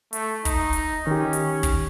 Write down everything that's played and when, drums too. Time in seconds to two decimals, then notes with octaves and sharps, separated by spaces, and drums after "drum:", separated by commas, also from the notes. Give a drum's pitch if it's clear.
0.13 A3, drum: hi-hat
0.45 D#4, drum: kick, hi-hat
0.73 drum: hi-hat
1.07 D#3 C#4 G4
1.33 drum: hi-hat
1.63 drum: kick, hi-hat